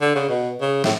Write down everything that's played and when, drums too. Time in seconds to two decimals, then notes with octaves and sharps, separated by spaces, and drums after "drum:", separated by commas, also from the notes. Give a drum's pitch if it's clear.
0.01 D3
0.15 C#3
0.29 B2
0.61 C#3
0.84 A2, drum: snare